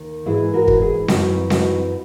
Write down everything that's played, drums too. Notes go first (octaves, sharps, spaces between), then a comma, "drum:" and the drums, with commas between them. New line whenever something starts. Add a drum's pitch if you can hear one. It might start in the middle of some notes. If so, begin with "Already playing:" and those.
Already playing: D#2 D#3
G#2 E3 E4 G#4
F#4 A#4
drum: kick
E4 G#4
F#2 E3 D#4 F#4, drum: snare C4
D#4 F#4, drum: snare C4